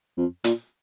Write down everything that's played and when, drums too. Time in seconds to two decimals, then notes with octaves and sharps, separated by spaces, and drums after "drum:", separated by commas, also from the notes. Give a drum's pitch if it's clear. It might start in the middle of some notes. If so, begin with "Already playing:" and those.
0.17 F2
0.44 A#2, drum: hi-hat